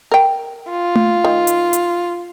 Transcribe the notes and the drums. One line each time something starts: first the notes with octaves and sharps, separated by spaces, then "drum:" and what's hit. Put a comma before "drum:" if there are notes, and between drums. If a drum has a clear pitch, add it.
A#4 G5
F4
drum: tom A3
D#3
drum: hi-hat
drum: hi-hat